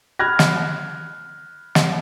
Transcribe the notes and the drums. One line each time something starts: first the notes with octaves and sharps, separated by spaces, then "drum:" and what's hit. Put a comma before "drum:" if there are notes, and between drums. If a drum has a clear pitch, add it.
B5 F6 F#6 G#6 A#6
drum: snare
drum: snare